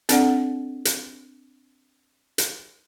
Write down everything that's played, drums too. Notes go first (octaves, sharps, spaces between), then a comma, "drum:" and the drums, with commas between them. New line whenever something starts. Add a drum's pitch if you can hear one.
C4 D4 A4 D5 F#5, drum: hi-hat
drum: hi-hat
drum: hi-hat